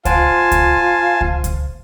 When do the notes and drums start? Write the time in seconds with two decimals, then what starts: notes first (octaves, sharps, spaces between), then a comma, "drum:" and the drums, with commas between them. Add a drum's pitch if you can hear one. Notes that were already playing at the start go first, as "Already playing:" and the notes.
0.05 F4 C5 F5 F#5 G#5 A5 C6, drum: kick C#2, hi-hat
0.52 drum: kick C#2, hi-hat
1.21 drum: kick C#2
1.44 drum: kick C#2, hi-hat